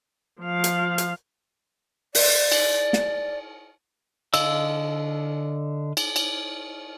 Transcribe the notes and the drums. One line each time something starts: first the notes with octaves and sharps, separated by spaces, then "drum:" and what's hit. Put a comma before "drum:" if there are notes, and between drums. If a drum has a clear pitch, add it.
F3 F5
drum: hi-hat
drum: hi-hat
D5, drum: open hi-hat
drum: cymbal
drum: snare
D3 D#5 F5 E6, drum: cymbal
drum: cymbal
drum: cymbal